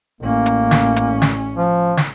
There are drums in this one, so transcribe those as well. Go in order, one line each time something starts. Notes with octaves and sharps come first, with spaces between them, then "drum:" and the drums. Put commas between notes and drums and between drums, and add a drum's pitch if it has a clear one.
A1 A#3 C#4
drum: hi-hat
drum: snare
drum: hi-hat
drum: snare
F3
drum: snare